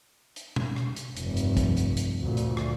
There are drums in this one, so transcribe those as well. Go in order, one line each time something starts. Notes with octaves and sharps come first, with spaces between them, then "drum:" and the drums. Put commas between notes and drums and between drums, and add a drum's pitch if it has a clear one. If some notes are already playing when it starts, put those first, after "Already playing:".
drum: hi-hat
drum: tom B2
drum: rim click
drum: hi-hat
F1 G2, drum: hi-hat
drum: hi-hat
drum: kick, hi-hat
drum: hi-hat
drum: hi-hat
D2 A#2
drum: hi-hat
drum: rim click